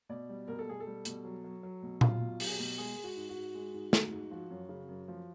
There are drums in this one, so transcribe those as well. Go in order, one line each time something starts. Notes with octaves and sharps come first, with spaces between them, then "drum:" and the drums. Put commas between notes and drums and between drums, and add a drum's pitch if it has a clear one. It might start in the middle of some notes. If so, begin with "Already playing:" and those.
B2 D5
G3
B2 A#4
A4
B2 G#4
A4
G3
B2, drum: hi-hat
F#3
F#3
F#3
B2
F#3 F4, drum: tom A#2
B2
F#3 G4, drum: open hi-hat
G#4
G4
B2
G#3 G#4
G#3
F#4
G#2
F#4
G#2
G#3
G#2
G#2, drum: snare
G#2
F3 F#4
F#2
C#3
F#2
F3